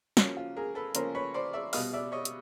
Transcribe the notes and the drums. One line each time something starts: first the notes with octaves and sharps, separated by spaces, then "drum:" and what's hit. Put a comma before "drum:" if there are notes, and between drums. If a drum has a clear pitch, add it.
C#3 F3 A#3 C#4 F#4, drum: snare
F4
G#4 A#4
A4 B4
C#3 F3 A#3 C#4 A#4 C5, drum: hi-hat
B4 C#5
C5 D5
D5 E5
B2 G3 B3 D#5 F5, drum: open hi-hat
D5 E5
C#5 D#5
drum: hi-hat